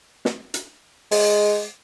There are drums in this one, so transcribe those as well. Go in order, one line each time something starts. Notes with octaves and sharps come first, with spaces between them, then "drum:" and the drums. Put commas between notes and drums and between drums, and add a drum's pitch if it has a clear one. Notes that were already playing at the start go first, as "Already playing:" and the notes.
drum: snare
drum: hi-hat
G#3, drum: open hi-hat